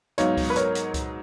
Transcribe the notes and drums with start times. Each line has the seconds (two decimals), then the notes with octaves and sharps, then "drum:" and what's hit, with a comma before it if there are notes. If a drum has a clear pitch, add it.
0.18 G#2 F#3 B3 D#4 C#5 F5, drum: hi-hat
0.37 drum: kick C#2, open hi-hat
0.50 B4
0.56 A#4 C#5, drum: hi-hat
0.75 drum: hi-hat
0.94 drum: kick C#2, hi-hat